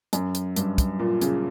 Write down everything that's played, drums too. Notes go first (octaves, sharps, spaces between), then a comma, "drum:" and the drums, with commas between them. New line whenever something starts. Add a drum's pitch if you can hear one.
F#2, drum: hi-hat
drum: hi-hat
G2, drum: hi-hat
drum: kick, hi-hat
A#2
C#3, drum: hi-hat